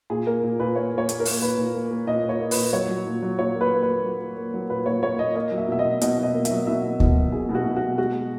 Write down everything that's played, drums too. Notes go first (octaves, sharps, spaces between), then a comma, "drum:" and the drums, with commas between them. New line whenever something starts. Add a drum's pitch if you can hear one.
A#2 G#4
A#3 A#4
A#2
A#2 B4
A#3 C#5
A#3
C#5
A#3, drum: hi-hat
A#4
A#3, drum: open hi-hat
A#2 B4
A#2
A#3
A#3
A#2 D#5
A#2
C#5
A#3
B4, drum: open hi-hat
A#2
F#3 C#5
F#3
A#2
F#3
A#2 C#5
A#3
B4
A#3
B4
A#3
F#3
A#3
A#3
F#3
A#2 B4
A#2 C#5
A#3 C#5
A#2 D#5
A#3 D#5
F#3
E5
B2 E5
D#5
B2
B2 D#5, drum: hi-hat
B2
D#5
A#3
E5, drum: hi-hat
F#3
B2 E5
B2
B2, drum: kick D2
F#3
B2 G#4
B2
F#4
B2
F#4
B2
G#3 F#4
G#3